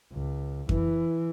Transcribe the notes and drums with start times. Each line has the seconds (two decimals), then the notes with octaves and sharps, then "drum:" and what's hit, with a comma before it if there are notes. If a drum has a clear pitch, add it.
0.12 C#2
0.69 E3, drum: kick F2